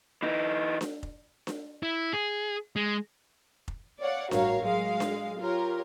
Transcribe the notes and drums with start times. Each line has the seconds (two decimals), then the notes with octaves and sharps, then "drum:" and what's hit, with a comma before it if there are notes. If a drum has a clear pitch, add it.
0.23 E3 D#4
0.81 drum: snare D4
1.03 drum: kick F1
1.47 drum: snare D4
1.83 E4
2.13 G#4
2.76 G#3
3.68 drum: kick F1
4.01 C#5 D5 F5 F#5
4.31 A1 G2 F#4 A#4 C#5 F5, drum: snare D4
4.63 F#3 G#3 F5
5.00 drum: snare D4
5.41 F4 G4 A#4 C#5